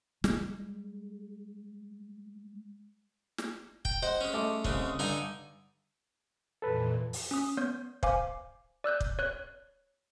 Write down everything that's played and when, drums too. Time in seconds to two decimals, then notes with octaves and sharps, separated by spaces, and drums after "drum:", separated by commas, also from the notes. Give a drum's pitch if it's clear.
0.24 G3 G#3, drum: snare
3.38 drum: snare
3.85 G5, drum: kick
4.03 C5 D#5 F#5
4.21 G#3 C#4
4.33 A3 D#5 D6
4.65 C2 C#3 G#3, drum: kick
4.99 G2 D3 D#4 G#5
6.62 F2 A#2 E3 A4 B4
7.13 drum: open hi-hat
7.31 C#4 D#6
7.57 B3 C#5 G6
8.03 C5 F5 G#5 D6, drum: kick
8.84 D5 E6 F#6 G6
9.01 drum: kick
9.19 C#5 F#6